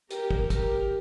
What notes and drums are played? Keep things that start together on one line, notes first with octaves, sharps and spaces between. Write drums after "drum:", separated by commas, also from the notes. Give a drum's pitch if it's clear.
G4 A#4, drum: hi-hat
drum: kick
G4 A#4, drum: kick, hi-hat